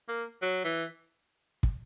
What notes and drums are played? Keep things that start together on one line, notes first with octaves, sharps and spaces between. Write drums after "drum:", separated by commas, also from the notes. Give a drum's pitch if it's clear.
A#3
F#3
E3
drum: kick